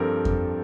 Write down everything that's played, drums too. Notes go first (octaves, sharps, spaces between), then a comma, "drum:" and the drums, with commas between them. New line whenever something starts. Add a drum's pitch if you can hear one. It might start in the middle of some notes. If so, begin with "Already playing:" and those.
Already playing: G2 F3 C4 G4 A4 A#4
drum: kick F2